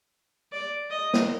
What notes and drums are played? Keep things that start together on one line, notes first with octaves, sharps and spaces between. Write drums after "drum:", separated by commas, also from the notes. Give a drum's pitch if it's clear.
D5
D#5
drum: snare